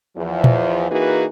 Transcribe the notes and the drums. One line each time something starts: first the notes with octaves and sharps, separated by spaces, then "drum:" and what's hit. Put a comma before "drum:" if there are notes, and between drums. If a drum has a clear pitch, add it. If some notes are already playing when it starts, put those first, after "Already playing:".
E2 F3
drum: tom
E3 A#3 D#4 F#4 G#4 B4